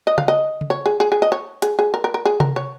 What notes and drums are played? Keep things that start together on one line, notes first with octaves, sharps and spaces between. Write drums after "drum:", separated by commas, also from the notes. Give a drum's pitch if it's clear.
D#5
F5, drum: tom C#3
D#5
drum: tom C#3
C#5
G#4
G#4
G#4
D#5
C#5
G#4, drum: hi-hat
G#4
A#4
A#4
A#4
G#4
A#4, drum: tom C3
C#5